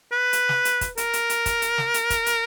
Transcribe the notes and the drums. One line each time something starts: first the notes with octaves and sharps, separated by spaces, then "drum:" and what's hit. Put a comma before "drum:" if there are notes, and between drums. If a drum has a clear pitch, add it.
B4
drum: hi-hat
drum: snare
drum: hi-hat
drum: kick, hi-hat
A#4, drum: hi-hat
drum: hi-hat
drum: hi-hat
drum: kick, hi-hat
drum: hi-hat
drum: snare
drum: hi-hat
drum: kick, hi-hat
drum: hi-hat